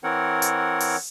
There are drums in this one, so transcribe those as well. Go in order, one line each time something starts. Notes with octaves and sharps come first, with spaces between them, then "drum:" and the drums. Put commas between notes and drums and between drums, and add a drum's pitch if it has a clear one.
E3 C4 A#4 C#5 F#5
drum: hi-hat
drum: open hi-hat